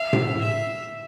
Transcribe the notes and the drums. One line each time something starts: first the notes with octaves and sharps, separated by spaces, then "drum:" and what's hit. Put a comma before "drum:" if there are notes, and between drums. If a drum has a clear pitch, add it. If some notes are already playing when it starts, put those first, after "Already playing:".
Already playing: E5 F5
drum: tom A2
E5